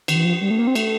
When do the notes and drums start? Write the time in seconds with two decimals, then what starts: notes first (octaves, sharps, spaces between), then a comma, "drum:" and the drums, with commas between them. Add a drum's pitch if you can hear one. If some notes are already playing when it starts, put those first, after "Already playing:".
0.08 D#3, drum: cymbal
0.16 E3
0.25 F3
0.41 G3
0.51 A3
0.59 A#3
0.67 C4
0.75 A3, drum: cymbal